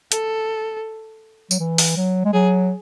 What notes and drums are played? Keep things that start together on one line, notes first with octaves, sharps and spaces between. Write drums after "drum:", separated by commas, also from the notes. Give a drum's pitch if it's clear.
A4, drum: hi-hat
F#3, drum: tambourine
E3
drum: open hi-hat
F#3
G#3
F#3 G#4